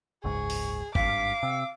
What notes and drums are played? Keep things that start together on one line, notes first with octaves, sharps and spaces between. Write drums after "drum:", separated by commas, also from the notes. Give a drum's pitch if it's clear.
F#1 C#2 G#2 G#4 C#6
drum: open hi-hat
G#1 G2 F5 D6 B6, drum: kick
C3 E6